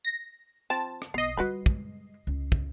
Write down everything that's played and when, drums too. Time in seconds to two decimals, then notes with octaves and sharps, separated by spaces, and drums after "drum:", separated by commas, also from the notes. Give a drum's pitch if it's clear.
0.05 A#6
0.70 F3 C4 A5
1.02 drum: rim click
1.14 B1 B3 D#5 C7
1.37 G3 F4 F#4 B4 B5
1.66 G3 G#3, drum: kick
2.27 C#2
2.52 drum: kick